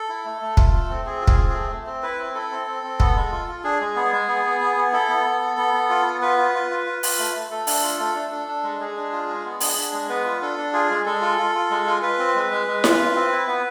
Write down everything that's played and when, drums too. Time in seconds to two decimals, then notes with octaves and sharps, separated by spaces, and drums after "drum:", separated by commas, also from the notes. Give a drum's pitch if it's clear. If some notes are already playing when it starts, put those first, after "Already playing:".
Already playing: A4
0.09 E4
0.25 A3
0.42 A3
0.57 F4, drum: kick
0.73 A3
0.89 C4
1.05 C4 G#4
1.21 F4
1.27 G#4, drum: kick
1.38 C4
1.49 A3 G#4
1.70 A3
1.86 C4
2.03 E4 B4
2.19 C4
2.35 E4 A4
2.51 C4
2.67 C4
2.83 C4
3.00 B3, drum: kick
3.16 G#3
3.31 F4
3.48 F4
3.64 D4 G#4
3.80 G#3
3.96 B3
4.12 G#3
4.28 B3
4.44 B3
4.61 B3
4.76 B3
4.93 E4 A4
5.09 B3
5.26 B3
5.41 B3
5.58 B3
5.74 B3
5.90 F4
6.06 B3
6.22 F4 B4
6.38 F4
6.54 F4
6.70 F4
6.86 F4
7.03 F4, drum: open hi-hat
7.19 A3
7.35 A3
7.51 A3 A4
7.67 D4, drum: open hi-hat
7.83 F4
8.00 A3
8.15 D4
8.31 D4
8.48 D4
8.63 G#3
8.80 G#3 G#4
8.97 D4
9.12 F4
9.29 G#3
9.45 B3
9.60 D4, drum: open hi-hat
9.76 D4
9.93 G#3
10.09 B3 B4
10.25 F4
10.42 D4 A4
10.58 D4
10.73 F4 G#4
10.90 G#3
11.06 G#3 A4
11.21 F4
11.38 F4
11.55 F4
11.70 G#3
11.87 F4
12.02 F4 B4
12.19 C4
12.35 G#3
12.51 G#3
12.67 G#3
12.84 F4, drum: snare E4
12.99 F4
13.16 C4
13.32 E4
13.47 B3